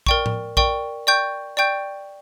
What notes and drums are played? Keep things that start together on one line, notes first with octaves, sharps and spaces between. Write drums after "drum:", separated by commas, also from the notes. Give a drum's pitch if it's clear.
A#4 D5 G5 C#6, drum: kick A#1
drum: tom A2
A#4 D5 G5 C#6, drum: kick A#1
D5 G5 C#6 G6
D5 G5 C#6 G6